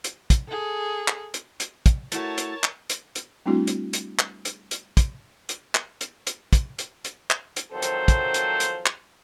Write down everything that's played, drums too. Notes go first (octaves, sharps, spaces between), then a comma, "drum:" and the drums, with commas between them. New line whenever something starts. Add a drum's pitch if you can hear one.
drum: hi-hat
drum: kick, hi-hat
G#4 A4
drum: clap
drum: hi-hat
drum: hi-hat
drum: kick, hi-hat
A3 E4 F#4 A#4 C#5 A5, drum: hi-hat
drum: hi-hat
drum: clap
drum: hi-hat
drum: hi-hat
G3 A3 C4 D4 E4 F#4
drum: hi-hat
drum: hi-hat
drum: clap
drum: hi-hat
drum: hi-hat
drum: kick, hi-hat
drum: hi-hat
drum: clap
drum: hi-hat
drum: hi-hat
drum: kick, hi-hat
drum: hi-hat
drum: hi-hat
drum: clap
drum: hi-hat
D#3 F3 F#3 C4 A4 C5
drum: hi-hat
drum: kick, hi-hat
drum: hi-hat
drum: hi-hat
drum: clap